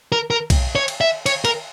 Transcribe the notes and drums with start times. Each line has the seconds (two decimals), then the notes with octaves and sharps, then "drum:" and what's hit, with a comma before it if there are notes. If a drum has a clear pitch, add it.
0.12 A#4
0.30 A#4
0.50 drum: kick B1, cymbal
0.75 C#5
0.88 drum: cymbal
1.01 E5
1.26 C#5, drum: cymbal
1.45 A#4, drum: cymbal